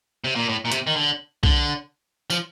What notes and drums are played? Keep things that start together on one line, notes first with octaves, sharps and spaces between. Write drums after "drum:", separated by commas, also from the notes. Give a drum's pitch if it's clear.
C3
A#2
A2
A#2
C3, drum: hi-hat
D#3
D3
D3, drum: kick B1
F3, drum: tambourine